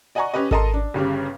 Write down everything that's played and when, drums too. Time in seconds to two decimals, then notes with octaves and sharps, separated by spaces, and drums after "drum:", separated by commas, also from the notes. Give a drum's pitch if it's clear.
0.15 D5 D#5 F#5 G#5 A#5 C#6
0.34 C#4 G4 B4 D#5
0.51 A4 A#4 D#5 A5 A#5 C6, drum: kick G#1
0.74 D4
0.94 G1 G2 C#3 G4